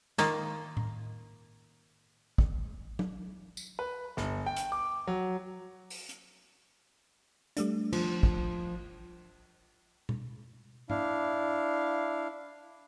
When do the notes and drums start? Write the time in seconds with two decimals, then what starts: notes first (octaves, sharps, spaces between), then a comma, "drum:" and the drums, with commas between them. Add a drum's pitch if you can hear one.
0.18 D#3 A#3 F4, drum: snare
0.77 drum: tom A2
2.38 drum: kick
2.99 drum: tom F#3
3.57 drum: tambourine
3.79 B4
4.17 G1, drum: snare
4.46 G5
4.56 drum: hi-hat
4.72 D6
5.07 F#3
5.90 drum: open hi-hat
6.09 drum: hi-hat
7.57 G3 A3 D4, drum: hi-hat
7.93 F3, drum: cymbal
8.23 drum: kick
10.09 drum: tom B2
10.90 D4 E4 F5, drum: tom G#2